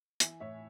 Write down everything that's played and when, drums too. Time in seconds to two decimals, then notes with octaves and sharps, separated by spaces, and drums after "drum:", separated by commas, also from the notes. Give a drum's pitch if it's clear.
0.20 E3 E5 G#5, drum: hi-hat
0.40 A2 C#5 E5